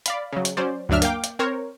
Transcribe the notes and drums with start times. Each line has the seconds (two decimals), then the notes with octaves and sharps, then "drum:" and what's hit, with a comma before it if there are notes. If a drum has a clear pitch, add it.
0.06 D5 F5 B5, drum: hi-hat
0.33 C#3 F#3
0.45 drum: hi-hat
0.57 F#3 C#4 C5 D5
0.89 D2 G2 F#3 D4 E5 F6
1.02 A#3 F5 G5 D6, drum: hi-hat
1.24 drum: hi-hat
1.39 C4 A#4 C5 C#5